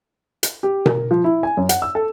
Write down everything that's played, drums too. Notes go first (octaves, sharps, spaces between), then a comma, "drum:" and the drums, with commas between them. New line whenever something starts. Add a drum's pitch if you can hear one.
drum: hi-hat
G4
A#4, drum: tom B2
F3
E4
G#5
F#2
F#5, drum: hi-hat
E6
A4